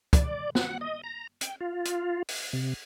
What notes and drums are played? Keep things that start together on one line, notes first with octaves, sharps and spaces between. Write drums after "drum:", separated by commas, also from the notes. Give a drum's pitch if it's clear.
D5, drum: kick, hi-hat
F#5, drum: snare
D#5
A#5
G5, drum: hi-hat
F4
drum: hi-hat
drum: open hi-hat
C3